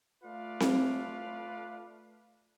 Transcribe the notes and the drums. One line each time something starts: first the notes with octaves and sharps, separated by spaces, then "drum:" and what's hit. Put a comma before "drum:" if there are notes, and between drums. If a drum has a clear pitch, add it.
A3 F4 B4 D5 F5
drum: snare C4